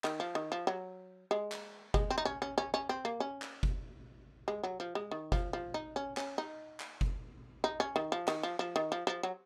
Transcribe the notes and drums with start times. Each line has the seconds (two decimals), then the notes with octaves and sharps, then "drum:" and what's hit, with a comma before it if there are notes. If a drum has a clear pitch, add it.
0.04 D#3, drum: clap
0.20 F3
0.35 D#3
0.52 F3
0.67 F#3
1.31 G#3
1.52 drum: clap
1.94 G#3, drum: kick F#1
2.10 C4
2.18 D#4
2.25 C#4
2.42 C#4
2.58 C#4
2.74 C#4
2.89 C4
3.05 A#3
3.20 C#4
3.42 drum: clap
3.63 drum: kick F#1
4.48 G#3
4.64 F#3
4.80 F3
4.95 G#3
5.11 D#3
5.32 F3, drum: kick F#1
5.53 F3
5.74 D#4
5.96 C#4
6.17 C#4, drum: clap
6.38 D#4
6.80 drum: clap
7.01 drum: kick F#1
7.64 D#4
7.80 C#4
7.96 D#3
8.12 F3
8.28 D#3, drum: clap
8.43 F3
8.59 F3
8.76 D#3
8.92 F3
9.07 F3
9.23 F#3